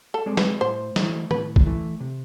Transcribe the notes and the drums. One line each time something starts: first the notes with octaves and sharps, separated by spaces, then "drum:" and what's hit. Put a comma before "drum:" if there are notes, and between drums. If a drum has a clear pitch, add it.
A4
G#3 C4 G#4 D5
B4, drum: snare
A2 C5
E3 A3 E4, drum: snare
A2 B4, drum: tom D#3
drum: kick
E3 A3 E4
C3